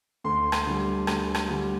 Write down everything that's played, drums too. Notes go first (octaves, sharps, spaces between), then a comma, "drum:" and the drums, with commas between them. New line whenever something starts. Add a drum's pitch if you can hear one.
D2 C6
drum: rim click
D3 G3
D2, drum: rim click
drum: rim click
D3 G3